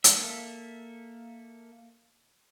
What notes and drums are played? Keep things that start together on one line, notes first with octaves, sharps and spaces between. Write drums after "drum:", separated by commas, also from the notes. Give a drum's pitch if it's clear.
A#3 A4 E5, drum: hi-hat